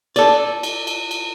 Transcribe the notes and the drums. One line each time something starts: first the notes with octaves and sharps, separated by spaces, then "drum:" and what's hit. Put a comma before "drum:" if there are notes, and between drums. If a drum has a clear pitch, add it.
A4 D5, drum: cymbal
drum: cymbal
drum: cymbal
drum: cymbal